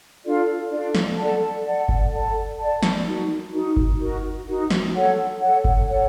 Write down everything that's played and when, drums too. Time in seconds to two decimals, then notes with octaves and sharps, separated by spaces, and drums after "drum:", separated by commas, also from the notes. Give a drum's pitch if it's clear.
0.24 D4 F4 A4 D5
0.71 D4 F4 A4 D5
0.95 drum: snare
1.18 A4 D5 F#5 A5
1.65 A4 D5 F#5 A5
1.89 drum: kick F#1
2.12 A4 D5 F#5 A5
2.59 A4 D5 F#5 A5
2.83 drum: snare
3.07 D#4 F#4 A#4
3.53 D#4 F#4 A#4
3.77 drum: kick F#1
4.00 D#4 F#4 A#4
4.47 D#4 F#4 A#4
4.70 drum: snare
4.94 A4 C#5 F#5
5.41 A4 C#5 F#5
5.64 drum: kick F#1
5.88 A4 C#5 F#5